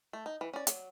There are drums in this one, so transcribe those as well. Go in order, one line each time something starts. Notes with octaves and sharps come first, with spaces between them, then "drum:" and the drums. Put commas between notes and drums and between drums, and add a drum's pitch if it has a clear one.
A3
D#4
E3
C#4 D5
F#3, drum: hi-hat